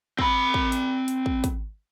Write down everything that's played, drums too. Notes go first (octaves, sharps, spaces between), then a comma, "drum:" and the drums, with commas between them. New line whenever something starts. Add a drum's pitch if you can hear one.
C4 B5, drum: kick
drum: kick
drum: hi-hat
drum: hi-hat
drum: kick
drum: kick, hi-hat